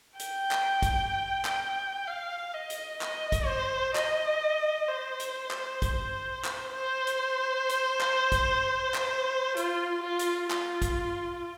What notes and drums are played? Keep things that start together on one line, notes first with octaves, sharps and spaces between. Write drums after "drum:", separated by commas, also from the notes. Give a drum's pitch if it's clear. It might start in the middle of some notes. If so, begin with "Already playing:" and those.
G5, drum: hi-hat
drum: clap
drum: kick, hi-hat
drum: clap
F5
D#5
drum: hi-hat
D#5, drum: clap
drum: kick, hi-hat
C5
D#5, drum: clap
C5
drum: hi-hat
drum: clap
drum: kick, hi-hat
drum: clap
C5
drum: hi-hat
drum: hi-hat
drum: clap
drum: kick, hi-hat
drum: clap
F4, drum: hi-hat
F4
drum: hi-hat
F4, drum: clap
drum: kick, hi-hat